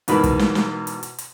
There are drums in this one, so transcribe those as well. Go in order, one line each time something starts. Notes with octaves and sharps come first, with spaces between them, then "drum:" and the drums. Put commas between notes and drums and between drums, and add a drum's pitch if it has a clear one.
E2 G#2 B2 A#4 B4 B5, drum: hi-hat
drum: kick, hi-hat
drum: snare
drum: snare
drum: hi-hat
drum: hi-hat
drum: hi-hat